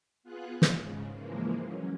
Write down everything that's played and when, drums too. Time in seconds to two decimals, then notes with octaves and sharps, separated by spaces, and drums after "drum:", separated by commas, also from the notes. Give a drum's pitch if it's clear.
0.23 B3 F4 G#4 F#6
0.62 G#2 C#3, drum: snare
1.13 E3 F3 G#3 A#3
1.61 F#3 C#4